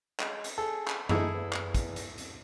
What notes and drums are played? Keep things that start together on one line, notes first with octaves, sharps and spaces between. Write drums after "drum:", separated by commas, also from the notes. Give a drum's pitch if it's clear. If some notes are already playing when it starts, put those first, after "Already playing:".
G#3, drum: clap
drum: hi-hat
G#4 A4
drum: clap
D#4 E4 G#4 A4, drum: tom F#2
E2
drum: clap
drum: kick, hi-hat
drum: hi-hat
drum: hi-hat